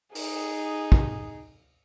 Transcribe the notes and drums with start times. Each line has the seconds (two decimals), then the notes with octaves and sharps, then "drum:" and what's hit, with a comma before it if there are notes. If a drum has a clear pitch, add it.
0.15 D#4 G#4, drum: open hi-hat
0.92 drum: kick